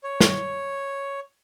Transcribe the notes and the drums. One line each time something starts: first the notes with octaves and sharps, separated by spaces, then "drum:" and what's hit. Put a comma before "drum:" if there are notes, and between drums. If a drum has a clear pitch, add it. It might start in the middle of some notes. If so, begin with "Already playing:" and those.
C#5
drum: snare